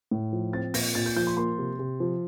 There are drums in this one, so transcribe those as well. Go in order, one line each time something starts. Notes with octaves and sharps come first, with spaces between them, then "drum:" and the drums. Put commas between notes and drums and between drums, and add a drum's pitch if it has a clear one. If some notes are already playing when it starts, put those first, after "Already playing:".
A2
F3
C4 A6
A#2 A#6, drum: open hi-hat
A#2 A6
G6
F3 G6
C6
A#3 C6
C3
C3
F3